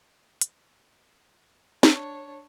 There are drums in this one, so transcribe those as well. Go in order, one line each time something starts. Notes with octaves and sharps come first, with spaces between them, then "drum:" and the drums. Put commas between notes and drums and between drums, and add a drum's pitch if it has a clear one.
drum: hi-hat
D4 C#5, drum: snare